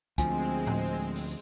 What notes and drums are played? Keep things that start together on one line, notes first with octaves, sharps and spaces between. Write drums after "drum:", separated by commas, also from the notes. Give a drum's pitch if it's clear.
D2 F3 G#3 C4 G#5, drum: kick, hi-hat
drum: tom A2
drum: open hi-hat